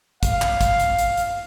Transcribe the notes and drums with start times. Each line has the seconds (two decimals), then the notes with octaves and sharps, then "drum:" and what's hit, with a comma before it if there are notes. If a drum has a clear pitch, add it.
0.23 F5, drum: kick, hi-hat
0.42 drum: clap
0.61 drum: kick, hi-hat
0.80 drum: hi-hat
0.99 drum: hi-hat
1.17 drum: hi-hat